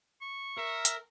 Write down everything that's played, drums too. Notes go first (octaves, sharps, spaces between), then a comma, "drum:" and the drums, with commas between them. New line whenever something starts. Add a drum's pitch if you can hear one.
C#6
A#4 E5
drum: hi-hat